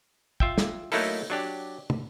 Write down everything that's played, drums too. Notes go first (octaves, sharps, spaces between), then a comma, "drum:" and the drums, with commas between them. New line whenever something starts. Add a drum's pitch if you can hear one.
F4 E5 G5, drum: kick
drum: snare
F#3 A3 A#3 D#4 E4 A4, drum: open hi-hat
F#3 D4 G4
drum: tom